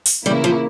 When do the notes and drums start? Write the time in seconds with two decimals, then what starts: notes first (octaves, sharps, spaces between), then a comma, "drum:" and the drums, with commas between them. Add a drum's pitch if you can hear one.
0.06 drum: open hi-hat
0.25 C#3 E3 G3 A#3 E4
0.44 F3